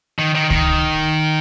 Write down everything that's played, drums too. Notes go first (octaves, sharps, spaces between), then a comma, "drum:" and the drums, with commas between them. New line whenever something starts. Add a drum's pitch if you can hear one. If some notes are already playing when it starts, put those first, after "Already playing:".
D#3
D#3
D#3, drum: kick C#2